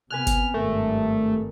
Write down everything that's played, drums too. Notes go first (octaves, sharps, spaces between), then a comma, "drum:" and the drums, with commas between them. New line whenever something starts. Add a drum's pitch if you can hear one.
C3 B3 B4 G#5 F6 F#6
drum: kick G1, hi-hat
G#1 G2 A3 A#4